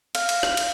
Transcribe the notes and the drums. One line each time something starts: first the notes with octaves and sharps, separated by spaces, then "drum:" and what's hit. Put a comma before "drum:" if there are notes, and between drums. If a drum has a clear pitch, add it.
F5, drum: cymbal
drum: cymbal
drum: rim click
drum: cymbal